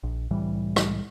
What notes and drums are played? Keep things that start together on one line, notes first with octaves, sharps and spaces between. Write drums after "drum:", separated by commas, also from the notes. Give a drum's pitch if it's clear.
A#1
C2 A2 E3 G3
drum: rim click